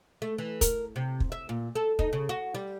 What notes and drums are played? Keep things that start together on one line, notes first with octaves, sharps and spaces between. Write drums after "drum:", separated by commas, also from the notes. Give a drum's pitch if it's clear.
A3
E3
A#4, drum: kick, hi-hat
C3
drum: kick
E5
A#2
A4
D#4, drum: kick
C#3
F#4
G3